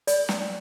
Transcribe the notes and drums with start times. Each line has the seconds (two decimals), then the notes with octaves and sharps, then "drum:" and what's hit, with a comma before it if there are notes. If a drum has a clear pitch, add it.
0.07 D5, drum: hi-hat
0.29 drum: snare